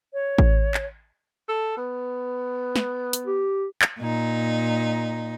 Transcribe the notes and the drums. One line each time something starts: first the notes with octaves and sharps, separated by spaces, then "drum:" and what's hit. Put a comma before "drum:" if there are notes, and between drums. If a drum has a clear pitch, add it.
C#5
drum: kick A1
drum: clap
A4
B3
drum: snare
drum: hi-hat
G4
drum: clap
A#2 D#4